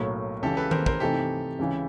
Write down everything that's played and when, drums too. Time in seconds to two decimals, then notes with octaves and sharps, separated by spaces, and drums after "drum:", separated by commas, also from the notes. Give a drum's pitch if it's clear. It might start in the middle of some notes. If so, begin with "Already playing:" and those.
Already playing: B1 A2 F#3 A#3
0.42 C#2 C#3 E3 G4 A4
0.57 A4 B4
0.71 A#4 C5, drum: tom D#3
0.86 A#4 C5, drum: kick
1.00 C3 E3 A3 C4 D#4 G4 A4
1.59 C#2 C#3 E3